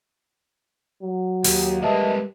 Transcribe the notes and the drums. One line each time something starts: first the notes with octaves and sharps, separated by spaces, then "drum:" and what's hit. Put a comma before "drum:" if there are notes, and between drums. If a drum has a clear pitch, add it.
F#3
D#2 G4, drum: open hi-hat
G3 G#3 A#3 B4 D#5 E5 A5